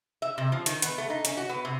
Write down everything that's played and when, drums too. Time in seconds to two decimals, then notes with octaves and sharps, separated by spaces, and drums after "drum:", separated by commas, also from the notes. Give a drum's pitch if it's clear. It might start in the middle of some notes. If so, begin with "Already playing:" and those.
0.22 E5
0.38 C3
0.52 F3
0.66 D#3, drum: hi-hat
0.82 B3, drum: hi-hat
0.98 A3
1.10 D#4
1.25 C#4, drum: hi-hat
1.37 F#4
1.49 B3
1.65 C3